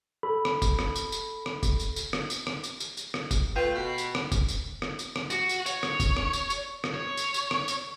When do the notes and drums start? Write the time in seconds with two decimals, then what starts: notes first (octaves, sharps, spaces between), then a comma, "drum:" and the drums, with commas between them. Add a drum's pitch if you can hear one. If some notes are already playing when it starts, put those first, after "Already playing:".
0.23 A4 B5
0.45 drum: rim click
0.62 drum: kick, tambourine
0.79 drum: rim click
0.95 drum: tambourine
1.12 drum: tambourine
1.46 drum: rim click
1.63 drum: kick, tambourine
1.80 drum: tambourine
1.96 drum: tambourine
2.13 drum: rim click
2.30 drum: tambourine
2.47 drum: rim click
2.64 drum: tambourine
2.80 drum: tambourine
2.97 drum: tambourine
3.14 drum: rim click
3.31 drum: kick, tambourine
3.56 A3 F4 B4 G5
3.75 B2
3.98 drum: tambourine
4.15 drum: rim click
4.32 drum: kick, tambourine
4.48 drum: tambourine
4.82 drum: rim click
4.99 drum: tambourine
5.16 drum: rim click
5.30 F#4, drum: tambourine
5.49 drum: tambourine
5.66 C#5, drum: tambourine
5.83 drum: rim click
6.00 drum: kick, tambourine
6.17 drum: rim click
6.33 drum: tambourine
6.50 drum: tambourine
6.84 drum: rim click
6.94 C#5
7.17 drum: tambourine
7.34 drum: tambourine
7.51 drum: rim click
7.68 drum: tambourine